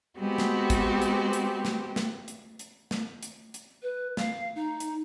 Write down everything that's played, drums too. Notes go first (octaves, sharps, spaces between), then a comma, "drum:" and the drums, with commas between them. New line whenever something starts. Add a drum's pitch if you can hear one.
G#3 B3 C4 F#4 G4
drum: snare
drum: kick, hi-hat
drum: hi-hat
drum: hi-hat
drum: snare
drum: snare
drum: hi-hat
drum: hi-hat
drum: snare
drum: hi-hat
drum: hi-hat
B4
F5, drum: snare
D#4
drum: hi-hat